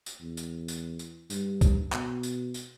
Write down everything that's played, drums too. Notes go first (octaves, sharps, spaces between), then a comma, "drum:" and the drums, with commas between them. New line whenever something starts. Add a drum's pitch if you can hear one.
drum: tambourine
E2
drum: tambourine
drum: tambourine
drum: tambourine
G2, drum: tambourine
drum: kick, tambourine
B2, drum: clap
drum: tambourine
drum: tambourine